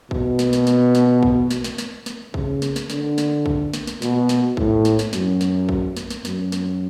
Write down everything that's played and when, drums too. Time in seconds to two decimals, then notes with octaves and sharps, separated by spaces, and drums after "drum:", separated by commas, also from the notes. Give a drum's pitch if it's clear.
0.11 B2, drum: kick
0.39 drum: snare
0.53 drum: snare
0.67 drum: snare
0.95 drum: snare
1.23 drum: kick
1.51 drum: snare
1.64 drum: snare
1.78 drum: snare
2.06 drum: snare
2.34 C#3, drum: kick
2.62 drum: snare
2.76 drum: snare
2.90 D3, drum: snare
3.18 drum: snare
3.46 drum: kick
3.74 drum: snare
3.87 drum: snare
4.02 B2, drum: snare
4.29 drum: snare
4.57 A2, drum: kick
4.85 drum: snare
4.99 drum: snare
5.13 F#2, drum: snare
5.41 drum: snare
5.69 drum: kick
5.97 drum: snare
6.11 drum: snare
6.25 F#2, drum: snare
6.52 drum: snare